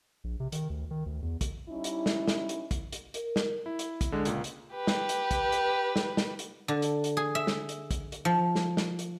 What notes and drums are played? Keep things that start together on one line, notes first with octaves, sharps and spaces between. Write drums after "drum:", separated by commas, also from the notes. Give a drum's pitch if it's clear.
A#1
C3
D#3, drum: hi-hat
D2
D#3
D2
E2
drum: kick, hi-hat
G3 C#4 D#4 E4
drum: hi-hat
drum: snare
drum: snare
drum: hi-hat
drum: kick, hi-hat
drum: hi-hat
A#4, drum: hi-hat
drum: snare
E4
drum: hi-hat
drum: kick, hi-hat
D3 G#3
C#2 A#2, drum: hi-hat
drum: hi-hat
G4 B4
drum: snare
drum: hi-hat
drum: kick, hi-hat
drum: hi-hat
drum: snare
drum: snare
drum: hi-hat
D3
drum: hi-hat
drum: hi-hat
G#4
E5
drum: snare
drum: hi-hat
drum: kick, hi-hat
drum: hi-hat
F3
drum: snare
drum: snare
drum: hi-hat